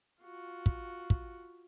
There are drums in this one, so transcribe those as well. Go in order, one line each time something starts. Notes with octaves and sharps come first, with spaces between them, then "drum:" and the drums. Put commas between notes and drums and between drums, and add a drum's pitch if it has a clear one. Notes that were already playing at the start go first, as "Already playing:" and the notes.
F4 F#4
drum: kick
drum: kick